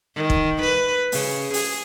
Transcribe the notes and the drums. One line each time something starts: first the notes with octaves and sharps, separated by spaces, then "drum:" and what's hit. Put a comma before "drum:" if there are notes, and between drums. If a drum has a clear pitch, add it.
D#3
drum: kick
B4
C#3, drum: open hi-hat
G#4, drum: open hi-hat